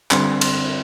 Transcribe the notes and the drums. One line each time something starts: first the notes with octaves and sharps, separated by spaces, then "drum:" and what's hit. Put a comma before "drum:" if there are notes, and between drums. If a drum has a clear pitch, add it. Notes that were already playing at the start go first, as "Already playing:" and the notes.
D3 G3 C4 C6, drum: clap
C6, drum: cymbal